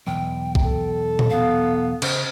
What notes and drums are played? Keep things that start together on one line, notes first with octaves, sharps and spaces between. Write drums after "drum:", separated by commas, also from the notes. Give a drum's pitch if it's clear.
B1 E2 G5
drum: kick A#1
A4
drum: tom A#2
B3 F5
C#3 C5, drum: cymbal